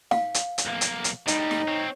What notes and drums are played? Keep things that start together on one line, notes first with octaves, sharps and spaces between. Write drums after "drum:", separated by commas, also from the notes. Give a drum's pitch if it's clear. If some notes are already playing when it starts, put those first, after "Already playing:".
F5, drum: snare
drum: hi-hat
drum: hi-hat
B1 A#3
drum: hi-hat
drum: hi-hat
A2 G3 D#4, drum: hi-hat
drum: snare
C4 C#5